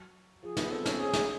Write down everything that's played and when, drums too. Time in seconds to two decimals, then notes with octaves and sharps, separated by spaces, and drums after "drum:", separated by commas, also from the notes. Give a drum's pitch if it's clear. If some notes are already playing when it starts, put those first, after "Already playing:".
Already playing: F#3
0.43 F3 G#4
0.57 B3, drum: snare
0.71 C4 A4
0.85 C#4, drum: snare
0.99 G#4
1.13 drum: snare